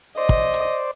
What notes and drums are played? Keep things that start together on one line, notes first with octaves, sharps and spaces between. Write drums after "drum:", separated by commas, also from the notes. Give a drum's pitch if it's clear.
C5 D5 D#5
drum: kick
drum: hi-hat